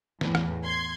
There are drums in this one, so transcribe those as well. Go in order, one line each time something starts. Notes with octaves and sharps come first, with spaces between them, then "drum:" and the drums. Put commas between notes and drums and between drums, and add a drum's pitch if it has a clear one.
E2 A2, drum: snare
drum: rim click
C6 G#6